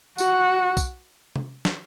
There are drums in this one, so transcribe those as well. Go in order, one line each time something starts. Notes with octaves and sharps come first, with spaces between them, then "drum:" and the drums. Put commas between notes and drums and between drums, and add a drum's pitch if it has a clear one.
F#4, drum: tambourine
drum: kick B1, tambourine
drum: tom C3
drum: snare